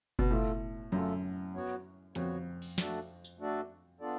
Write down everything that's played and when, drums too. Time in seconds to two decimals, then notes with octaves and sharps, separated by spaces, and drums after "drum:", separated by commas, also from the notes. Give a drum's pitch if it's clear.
0.19 B2, drum: kick F#1
0.30 A2 A3 F4 A4
0.92 F#2 A3 F4 A4
1.54 B3 F#4 C#5
2.15 F2 B3 F#4 C#5, drum: hi-hat
2.62 drum: cymbal
2.78 A3 D4 F#4 A4 D5, drum: snare
3.24 drum: tambourine
3.39 A3 D4 F#4 A4 D5
4.01 B3 D4 F4 A4 D5